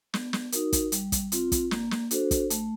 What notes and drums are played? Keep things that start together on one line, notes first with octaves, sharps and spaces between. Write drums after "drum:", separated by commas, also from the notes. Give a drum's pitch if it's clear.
B3, drum: snare
drum: snare
D#4 F#4 A#4, drum: hi-hat
drum: kick, hi-hat
G3, drum: hi-hat
drum: kick, hi-hat
C4 F4, drum: hi-hat
drum: kick, hi-hat
A#3, drum: snare
drum: snare
D4 F#4 A4 C5, drum: hi-hat
drum: kick, hi-hat
A3, drum: hi-hat